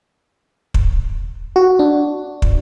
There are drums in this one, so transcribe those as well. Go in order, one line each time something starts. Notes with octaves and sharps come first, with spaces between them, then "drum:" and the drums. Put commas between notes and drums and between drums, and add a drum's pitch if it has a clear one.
drum: kick
F#4
D4
drum: kick